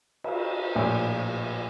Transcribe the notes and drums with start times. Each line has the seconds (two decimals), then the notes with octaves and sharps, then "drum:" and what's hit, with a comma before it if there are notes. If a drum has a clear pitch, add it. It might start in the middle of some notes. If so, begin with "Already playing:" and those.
0.24 drum: cymbal
0.76 A#1 A2